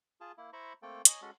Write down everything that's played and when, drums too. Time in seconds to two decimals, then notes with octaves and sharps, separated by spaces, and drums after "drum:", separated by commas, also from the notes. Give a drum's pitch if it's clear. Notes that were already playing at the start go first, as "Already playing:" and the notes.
0.21 F4 G#4 A5
0.38 A#3 E4
0.53 E4 C5 A#5 B5 C#6
0.82 A3 A#3 C4 A4 G5
1.05 C#5 D#5 G#5 A#5, drum: hi-hat
1.22 G#3 C#4 F#4 A4